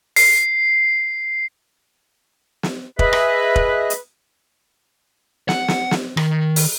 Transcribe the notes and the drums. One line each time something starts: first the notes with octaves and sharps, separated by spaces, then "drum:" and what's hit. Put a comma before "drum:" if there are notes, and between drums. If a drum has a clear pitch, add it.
C7, drum: open hi-hat
drum: snare
G#4 B4 D#5 E5, drum: kick
drum: rim click
drum: kick
drum: hi-hat
F#5, drum: snare
drum: snare
drum: snare
D#3, drum: rim click
drum: open hi-hat